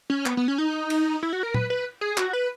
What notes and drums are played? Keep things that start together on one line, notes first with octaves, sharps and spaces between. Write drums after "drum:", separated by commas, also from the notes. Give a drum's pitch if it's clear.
C#4
B3, drum: clap
B3
C#4
D#4
drum: cymbal
E4
F#4
A#4
B4, drum: tom A#2
B4
G#4
F#4, drum: clap
B4